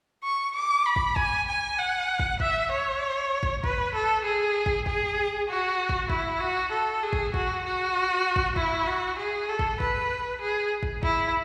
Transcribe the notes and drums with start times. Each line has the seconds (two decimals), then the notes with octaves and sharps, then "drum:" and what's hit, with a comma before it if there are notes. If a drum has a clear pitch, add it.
0.24 C#6
0.56 D6
0.86 B5
0.96 drum: kick
1.16 G#5, drum: kick
1.48 G#5
1.78 F#5
2.20 drum: kick
2.40 E5, drum: kick
2.71 C#5
3.43 drum: kick
3.64 B4, drum: kick
3.95 A4
4.24 G#4
4.66 drum: kick
4.86 G#4, drum: kick
5.49 F#4
5.89 drum: kick
6.10 E4, drum: kick
6.40 F#4
6.72 A4
7.03 G#4
7.13 drum: kick
7.34 F#4, drum: kick
7.65 F#4
8.36 drum: kick
8.56 E4, drum: kick
8.87 F#4
9.19 G#4
9.49 A4
9.59 drum: kick
9.80 B4, drum: kick
10.42 G#4
10.83 drum: kick
11.03 E4, drum: kick